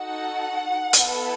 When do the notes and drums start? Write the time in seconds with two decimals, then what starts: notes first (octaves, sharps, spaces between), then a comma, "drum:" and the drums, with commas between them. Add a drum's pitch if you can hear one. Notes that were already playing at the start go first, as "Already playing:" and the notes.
Already playing: D#4 F#4 A4 F#5
0.93 B3 E4 A4, drum: hi-hat